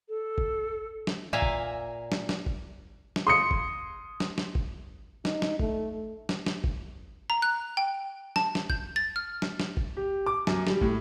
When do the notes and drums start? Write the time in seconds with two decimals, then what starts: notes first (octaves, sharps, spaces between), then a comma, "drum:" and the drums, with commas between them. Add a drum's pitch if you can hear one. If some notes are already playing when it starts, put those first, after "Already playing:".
0.09 A4
0.38 drum: kick
1.07 drum: snare
1.33 A#2 E5 F5 G#5 A#5
1.42 drum: kick
2.12 drum: snare
2.29 drum: snare
2.46 drum: kick
3.16 drum: snare
3.27 C6 D#6 C#7
3.51 drum: kick
4.20 drum: snare
4.38 drum: snare
4.55 drum: kick
5.25 D#4, drum: snare
5.42 drum: snare
5.60 A3, drum: kick
6.29 drum: snare
6.46 drum: snare
6.64 drum: kick
7.30 A#5
7.42 F#6
7.77 G5
8.36 A5, drum: snare
8.55 drum: snare
8.70 G6, drum: kick
8.96 A6
9.16 F6
9.42 drum: snare
9.60 drum: snare
9.77 drum: kick
9.97 G4
10.26 D6
10.47 F#2, drum: snare
10.67 G3, drum: snare
10.81 A2, drum: kick